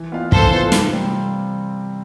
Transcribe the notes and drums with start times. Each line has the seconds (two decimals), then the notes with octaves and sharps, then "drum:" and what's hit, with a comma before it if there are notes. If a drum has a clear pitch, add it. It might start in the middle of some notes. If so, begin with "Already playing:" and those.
Already playing: E3
0.12 B3 F4 B4 F5
0.32 E3 A4 C5, drum: kick
0.52 B3 F4 B4 F5
0.72 C3, drum: snare
0.93 G3 C4